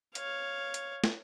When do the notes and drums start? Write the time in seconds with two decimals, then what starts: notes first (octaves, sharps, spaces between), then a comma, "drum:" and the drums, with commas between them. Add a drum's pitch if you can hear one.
0.15 C#5 F5, drum: hi-hat
0.74 drum: hi-hat
1.04 drum: snare